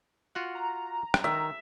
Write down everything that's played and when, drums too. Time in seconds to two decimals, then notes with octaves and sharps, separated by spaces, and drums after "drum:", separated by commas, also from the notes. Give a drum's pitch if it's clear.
0.35 F4 F#4 F#5
0.55 A#5
1.14 drum: rim click
1.24 D#3 E5